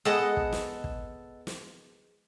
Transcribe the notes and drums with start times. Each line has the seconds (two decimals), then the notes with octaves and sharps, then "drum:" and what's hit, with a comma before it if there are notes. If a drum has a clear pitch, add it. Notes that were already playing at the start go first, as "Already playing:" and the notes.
0.05 G#3 B3 G#4 A4 D#5 F#5
0.37 drum: kick
0.52 drum: snare
0.84 drum: kick
1.47 drum: snare